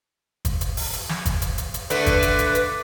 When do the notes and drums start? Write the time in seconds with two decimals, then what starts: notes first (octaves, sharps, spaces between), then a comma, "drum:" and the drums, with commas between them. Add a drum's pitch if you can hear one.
0.45 drum: kick, hi-hat
0.61 drum: hi-hat
0.77 drum: open hi-hat
0.93 drum: hi-hat
1.09 drum: snare
1.26 drum: kick, hi-hat
1.42 drum: hi-hat
1.58 drum: hi-hat
1.74 drum: hi-hat
1.90 D3 A3 D4 B4, drum: hi-hat
2.06 drum: kick, hi-hat
2.22 drum: hi-hat
2.39 drum: hi-hat
2.55 drum: hi-hat